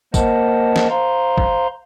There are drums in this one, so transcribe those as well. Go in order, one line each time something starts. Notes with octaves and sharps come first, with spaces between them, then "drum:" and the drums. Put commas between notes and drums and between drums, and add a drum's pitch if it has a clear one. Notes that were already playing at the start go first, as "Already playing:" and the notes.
A#3 A#4 C5 D#5 F#5 A5, drum: kick, tambourine
drum: snare
C5 F5 A#5 C6
drum: kick